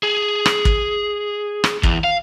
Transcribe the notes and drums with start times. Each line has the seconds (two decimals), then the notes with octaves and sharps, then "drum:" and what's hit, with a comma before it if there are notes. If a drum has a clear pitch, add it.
0.03 G#4
0.46 drum: rim click
0.65 drum: kick
1.64 drum: rim click
1.83 E2, drum: kick
2.04 F5